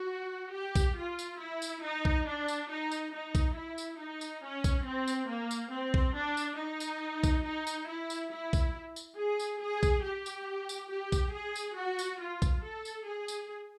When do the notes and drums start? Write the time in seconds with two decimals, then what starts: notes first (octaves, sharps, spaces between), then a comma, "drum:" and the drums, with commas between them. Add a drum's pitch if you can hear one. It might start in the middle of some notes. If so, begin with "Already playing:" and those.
Already playing: F#4
0.54 G4
0.75 drum: kick A#1, tambourine
0.97 F4
1.19 drum: tambourine
1.40 E4
1.62 drum: tambourine
1.83 D#4
2.05 drum: kick A#1
2.27 D4
2.48 drum: tambourine
2.70 D#4
2.91 drum: tambourine
3.14 D#4
3.35 drum: kick A#1, tambourine
3.56 E4
3.78 drum: tambourine
4.00 D#4
4.21 drum: tambourine
4.43 C#4
4.64 drum: kick A#1, tambourine
4.86 C4
5.08 drum: tambourine
5.29 A#3
5.51 drum: tambourine
5.72 C4
5.94 drum: kick A#1
6.16 D4
6.37 drum: tambourine
6.58 D#4
6.80 drum: tambourine
7.24 drum: kick A#1, tambourine
7.45 D#4
7.67 drum: tambourine
7.88 E4
8.10 drum: tambourine
8.32 E4
8.53 drum: kick A#1, tambourine
8.96 drum: tambourine
9.19 G#4
9.40 drum: tambourine
9.62 G#4
9.83 drum: kick A#1, tambourine
10.04 G4
10.26 drum: tambourine
10.69 drum: tambourine
10.91 G4
11.12 drum: kick A#1, tambourine
11.34 G#4
11.56 drum: tambourine
11.77 F#4
11.99 drum: tambourine
12.21 F4
12.42 drum: kick A#1, tambourine
12.64 A4
12.85 drum: tambourine
13.07 G#4
13.28 drum: tambourine